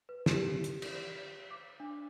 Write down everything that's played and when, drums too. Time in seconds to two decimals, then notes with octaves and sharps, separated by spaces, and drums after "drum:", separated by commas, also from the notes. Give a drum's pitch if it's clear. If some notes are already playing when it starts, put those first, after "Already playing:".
0.09 B4
0.26 G4, drum: snare
0.64 drum: hi-hat
0.82 drum: cymbal
1.51 D6
1.80 D4